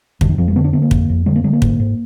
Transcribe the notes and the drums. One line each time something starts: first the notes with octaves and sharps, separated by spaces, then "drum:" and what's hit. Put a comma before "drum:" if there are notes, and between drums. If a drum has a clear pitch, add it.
F2 D3, drum: kick
D#3
F2 F3
G#3
D3 B3
D4
D3 B3
A#3
F2, drum: kick
F2
D3 G#3
A#3
D3 G#3
A#3
G#2, drum: kick
G#2